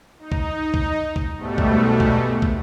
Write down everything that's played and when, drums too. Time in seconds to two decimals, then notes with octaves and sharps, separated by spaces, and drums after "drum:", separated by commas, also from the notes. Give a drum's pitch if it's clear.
0.19 D#4
0.32 drum: kick
0.74 drum: kick
1.16 drum: kick
1.37 G#2 B2 G3 A3
1.58 drum: kick
2.00 drum: kick
2.42 drum: kick